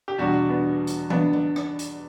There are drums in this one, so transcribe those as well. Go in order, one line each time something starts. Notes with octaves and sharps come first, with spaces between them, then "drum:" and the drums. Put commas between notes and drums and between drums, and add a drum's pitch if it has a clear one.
G4
E2 B2 G3 D4 F#4
B3 D4
drum: hi-hat
B3 D4, drum: tom
drum: tom E3
drum: rim click
drum: hi-hat